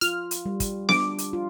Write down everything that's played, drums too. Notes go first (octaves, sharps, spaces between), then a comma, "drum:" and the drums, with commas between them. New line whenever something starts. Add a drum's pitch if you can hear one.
F4 F6, drum: hi-hat
drum: hi-hat
G3
drum: kick, hi-hat
D4 D6, drum: snare B3
drum: hi-hat
F4